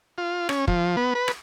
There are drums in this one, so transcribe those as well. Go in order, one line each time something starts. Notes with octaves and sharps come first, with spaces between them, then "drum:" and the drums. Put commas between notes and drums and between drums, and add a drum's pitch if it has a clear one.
F4
C#4, drum: rim click
F3, drum: kick
B3
B4
drum: rim click